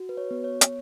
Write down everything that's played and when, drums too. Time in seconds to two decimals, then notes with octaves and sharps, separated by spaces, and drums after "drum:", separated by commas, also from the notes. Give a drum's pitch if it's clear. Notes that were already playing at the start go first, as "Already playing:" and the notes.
Already playing: F#4
0.09 B4
0.17 C#5
0.31 B3
0.44 C#5
0.61 drum: hi-hat